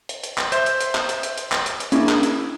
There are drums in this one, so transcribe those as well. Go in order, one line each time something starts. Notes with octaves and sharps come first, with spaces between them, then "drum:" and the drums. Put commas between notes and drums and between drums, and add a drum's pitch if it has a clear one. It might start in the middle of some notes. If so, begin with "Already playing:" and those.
drum: hi-hat
drum: hi-hat
drum: clap
C5 E5 G6, drum: hi-hat
drum: hi-hat
drum: hi-hat
drum: clap
drum: hi-hat
drum: hi-hat
drum: hi-hat
drum: clap
drum: hi-hat
drum: hi-hat
A#3 C#4 D4 E4 G#4, drum: hi-hat
drum: clap
drum: hi-hat